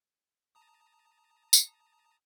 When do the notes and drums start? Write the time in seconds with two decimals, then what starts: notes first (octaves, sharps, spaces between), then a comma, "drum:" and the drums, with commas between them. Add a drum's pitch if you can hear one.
0.55 A5 A#5 D#6
1.53 drum: tambourine